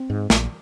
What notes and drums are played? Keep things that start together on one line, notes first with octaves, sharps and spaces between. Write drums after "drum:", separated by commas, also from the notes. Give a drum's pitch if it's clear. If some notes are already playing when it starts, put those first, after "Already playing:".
Already playing: C4
G#2
A#1, drum: snare